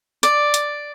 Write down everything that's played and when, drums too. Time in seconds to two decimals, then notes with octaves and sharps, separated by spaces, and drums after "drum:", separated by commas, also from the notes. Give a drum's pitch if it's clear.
0.23 D5, drum: hi-hat
0.54 drum: hi-hat